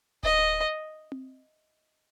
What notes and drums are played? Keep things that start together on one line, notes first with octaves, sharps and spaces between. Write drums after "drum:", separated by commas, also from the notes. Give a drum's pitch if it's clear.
D#5, drum: kick D1
drum: tom C4